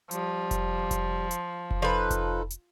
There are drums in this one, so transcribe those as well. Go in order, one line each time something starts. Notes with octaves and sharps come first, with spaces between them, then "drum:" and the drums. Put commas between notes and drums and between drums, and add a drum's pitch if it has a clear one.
F3 G3, drum: hi-hat
drum: kick F1, hi-hat
drum: kick F1, hi-hat
drum: hi-hat
drum: kick F1
F3 D#4 A4 B4
drum: kick F1, hi-hat
drum: hi-hat